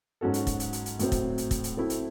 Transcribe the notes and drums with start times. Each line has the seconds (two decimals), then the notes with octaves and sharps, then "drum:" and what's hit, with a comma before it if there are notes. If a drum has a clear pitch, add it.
0.21 G#2 F#3 C#4 F#4 A4
0.34 drum: hi-hat
0.47 drum: kick, hi-hat
0.60 drum: hi-hat
0.73 drum: hi-hat
0.86 drum: hi-hat
0.99 A2 F#3 C4, drum: hi-hat
1.12 drum: kick, hi-hat
1.38 drum: hi-hat
1.51 drum: kick, hi-hat
1.64 drum: hi-hat
1.77 F#3 A3 C4 E4
1.90 drum: hi-hat